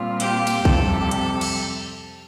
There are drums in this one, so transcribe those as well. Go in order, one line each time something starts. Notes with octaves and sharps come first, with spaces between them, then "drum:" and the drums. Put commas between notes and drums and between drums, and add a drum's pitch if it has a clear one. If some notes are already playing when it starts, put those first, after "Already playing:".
Already playing: A#2 G3 C4 F4
G4, drum: hi-hat
drum: cymbal
F2 C3 G3 A4, drum: kick B1
drum: hi-hat
drum: cymbal